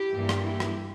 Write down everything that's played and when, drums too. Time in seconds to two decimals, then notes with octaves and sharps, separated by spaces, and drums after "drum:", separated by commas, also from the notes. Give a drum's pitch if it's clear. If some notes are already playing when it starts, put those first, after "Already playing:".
Already playing: E4 G4
0.14 G2 E3 G3 A#3
0.29 drum: rim click
0.44 E4 G4
0.60 drum: rim click